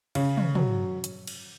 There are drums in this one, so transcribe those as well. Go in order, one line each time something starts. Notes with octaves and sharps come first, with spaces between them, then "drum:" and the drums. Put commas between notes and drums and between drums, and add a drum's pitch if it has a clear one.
C#3, drum: cymbal
drum: tom
F#3, drum: tom
drum: hi-hat
drum: cymbal